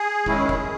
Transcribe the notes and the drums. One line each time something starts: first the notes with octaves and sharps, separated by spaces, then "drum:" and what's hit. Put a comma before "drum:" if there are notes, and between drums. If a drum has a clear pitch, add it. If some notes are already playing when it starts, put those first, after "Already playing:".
Already playing: G#4
D#3 G#3 C#4 E4, drum: kick
drum: kick